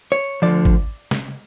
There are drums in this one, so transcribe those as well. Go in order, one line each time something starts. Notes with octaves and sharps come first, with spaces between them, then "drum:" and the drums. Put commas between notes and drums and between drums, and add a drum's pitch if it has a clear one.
C#5
D2 D3 F3 D5
drum: kick
drum: snare